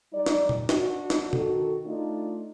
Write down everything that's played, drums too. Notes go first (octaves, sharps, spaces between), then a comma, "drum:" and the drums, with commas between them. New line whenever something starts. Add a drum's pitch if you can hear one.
G3 D#4 D5
drum: snare
drum: tom A#2
D4 F#4, drum: snare
drum: snare
D#3 F#4 A4, drum: tom B2
A3 D4 D#4 F4